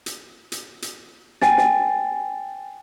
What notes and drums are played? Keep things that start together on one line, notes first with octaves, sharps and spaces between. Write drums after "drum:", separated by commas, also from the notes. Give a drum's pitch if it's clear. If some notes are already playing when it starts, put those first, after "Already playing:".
drum: hi-hat
drum: hi-hat
drum: hi-hat
G5 G#5 A6, drum: snare
drum: snare